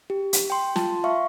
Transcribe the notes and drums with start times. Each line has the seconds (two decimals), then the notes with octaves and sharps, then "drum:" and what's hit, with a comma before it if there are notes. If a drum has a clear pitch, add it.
0.10 G4
0.33 drum: hi-hat
0.50 G5 C6
0.76 F4 A5, drum: snare
1.04 E5 F5 C#6